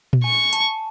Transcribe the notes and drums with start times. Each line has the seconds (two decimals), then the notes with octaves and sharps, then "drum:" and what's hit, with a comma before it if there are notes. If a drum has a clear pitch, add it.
0.13 drum: tom A#2
0.24 G#5 C#6
0.53 A5, drum: hi-hat